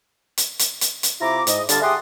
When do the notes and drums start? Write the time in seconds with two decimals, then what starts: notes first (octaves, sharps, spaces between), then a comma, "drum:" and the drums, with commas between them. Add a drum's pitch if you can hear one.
0.38 drum: hi-hat
0.59 drum: hi-hat
0.81 drum: hi-hat
1.03 drum: hi-hat
1.20 C3 E4 F4 A#5 D6
1.47 G#2 D#5, drum: hi-hat
1.69 D3 G3 D4 F4 A5, drum: hi-hat
1.82 G4 G#4 E5 F#5 C6 D#6